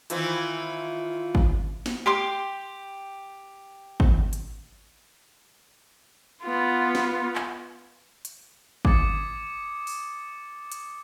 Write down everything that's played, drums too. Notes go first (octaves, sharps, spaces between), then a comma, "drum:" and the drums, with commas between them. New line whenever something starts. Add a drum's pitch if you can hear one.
D#3 E3 C4 F4, drum: hi-hat
drum: kick
drum: snare
G4 C6 D6
drum: kick
drum: hi-hat
B3 F4
drum: snare
drum: clap
drum: hi-hat
D6 D#6 G#6 A6 C#7, drum: kick
drum: open hi-hat
drum: hi-hat